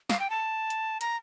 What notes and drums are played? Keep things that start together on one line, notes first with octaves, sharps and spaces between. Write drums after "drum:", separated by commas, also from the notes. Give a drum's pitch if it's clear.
F5, drum: snare
G5
A5
drum: hi-hat
A#5, drum: hi-hat